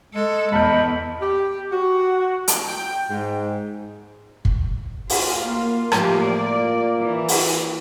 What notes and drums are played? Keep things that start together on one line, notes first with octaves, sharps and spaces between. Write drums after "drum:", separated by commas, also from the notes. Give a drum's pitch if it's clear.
G#3 A4
E2 D#5 A5 B5 F6 G6
G4
F#4
drum: hi-hat
G5
G#2
drum: kick
A2 F4 F#4, drum: open hi-hat
A#3
A2 F3 A#3 F4 G4, drum: rim click
D5
E3
drum: open hi-hat